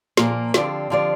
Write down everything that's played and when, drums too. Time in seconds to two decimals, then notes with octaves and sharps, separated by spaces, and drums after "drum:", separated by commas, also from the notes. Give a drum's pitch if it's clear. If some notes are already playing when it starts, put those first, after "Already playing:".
0.17 A#2 F3 A#3, drum: snare
0.54 D3 F3 C4 G4 D5, drum: snare
0.90 D3 F3 C4 G4 D5